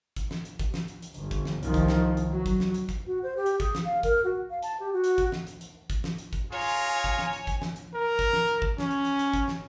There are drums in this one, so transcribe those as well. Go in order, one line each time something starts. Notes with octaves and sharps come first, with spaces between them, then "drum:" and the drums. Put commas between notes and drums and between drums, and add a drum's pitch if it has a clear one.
drum: kick, hi-hat
drum: snare
drum: hi-hat
drum: kick, hi-hat
drum: snare
drum: hi-hat
drum: hi-hat
G1, drum: hi-hat
drum: kick, hi-hat
drum: snare
C2 D#3 F3, drum: hi-hat
drum: kick, hi-hat
drum: snare
drum: hi-hat
F#3
drum: kick, hi-hat
drum: snare
drum: hi-hat
drum: kick, hi-hat
F#4
C5
G4
drum: hi-hat
G#4, drum: kick, hi-hat
drum: snare
F5
A#4, drum: kick, hi-hat
F#4
F5
A5, drum: hi-hat
G4
F#4
drum: hi-hat
drum: kick, hi-hat
drum: snare
drum: hi-hat
drum: hi-hat
drum: kick, hi-hat
drum: snare
drum: hi-hat
drum: kick, hi-hat
F4 G#4 C#5 G#5 A#5
drum: hi-hat
drum: hi-hat
drum: hi-hat
drum: kick, hi-hat
drum: snare
drum: hi-hat
drum: kick, hi-hat
drum: snare
drum: hi-hat
A#4
drum: kick, hi-hat
drum: snare
drum: hi-hat
drum: kick
C#4, drum: snare
drum: hi-hat
drum: hi-hat
drum: hi-hat
drum: kick, hi-hat
drum: snare